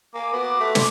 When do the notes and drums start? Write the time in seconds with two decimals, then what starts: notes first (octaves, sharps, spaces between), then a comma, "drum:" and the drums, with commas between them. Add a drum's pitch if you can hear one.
0.14 A#3 G#5 D6
0.33 B3 F#4 D6
0.60 A3
0.75 C6 D6, drum: snare